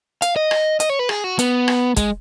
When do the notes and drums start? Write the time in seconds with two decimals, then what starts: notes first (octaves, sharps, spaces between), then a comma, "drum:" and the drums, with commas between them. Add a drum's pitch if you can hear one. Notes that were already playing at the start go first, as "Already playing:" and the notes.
0.22 F5, drum: hi-hat
0.36 D#5
0.51 drum: rim click
0.80 D#5, drum: hi-hat
0.89 C#5
0.99 B4
1.09 G#4, drum: rim click
1.24 F#4
1.39 B3, drum: hi-hat
1.68 drum: rim click
1.96 G#3, drum: kick, hi-hat